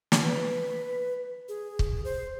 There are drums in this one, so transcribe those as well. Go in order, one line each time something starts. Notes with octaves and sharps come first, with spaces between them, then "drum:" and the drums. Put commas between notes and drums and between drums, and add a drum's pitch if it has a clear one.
drum: snare
B4
G#4
drum: kick
C5